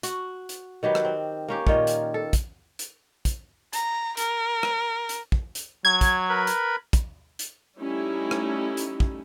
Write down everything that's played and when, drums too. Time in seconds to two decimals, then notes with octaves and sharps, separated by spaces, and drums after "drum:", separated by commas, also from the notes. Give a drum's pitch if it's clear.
0.03 F#4, drum: hi-hat
0.49 drum: hi-hat
0.83 D#3 F#3 G4 B4
0.95 drum: rim click
1.05 C4
1.48 A#3 C#4 G4
1.67 A#2 D#3 F4 C#5, drum: kick
1.87 drum: hi-hat
2.14 A4
2.33 drum: kick, hi-hat
2.79 drum: hi-hat
3.25 drum: kick, hi-hat
3.73 A#5, drum: hi-hat
4.17 A#4, drum: hi-hat
4.63 drum: rim click
5.09 drum: hi-hat
5.32 drum: kick
5.55 drum: hi-hat
5.85 F#3 G#6
6.01 drum: kick, hi-hat
6.29 A#4 B4 B5
6.47 drum: hi-hat
6.93 drum: kick, hi-hat
7.39 drum: hi-hat
7.79 G3 A3 C#4 D#4 E4
8.31 drum: rim click
8.77 drum: hi-hat
9.00 drum: kick